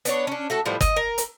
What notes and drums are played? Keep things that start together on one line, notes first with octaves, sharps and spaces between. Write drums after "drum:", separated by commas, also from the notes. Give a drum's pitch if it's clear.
B3 D4 C#5, drum: hi-hat
C#4 D4
A3 F#4 A4
A2 F3 G3 B3
D#5, drum: kick, hi-hat
A#4
drum: hi-hat